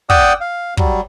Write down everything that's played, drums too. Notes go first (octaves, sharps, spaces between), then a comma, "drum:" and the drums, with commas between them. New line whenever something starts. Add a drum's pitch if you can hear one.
D5 F#5 G5 D#6 E6, drum: kick
F5
F#3 G3, drum: kick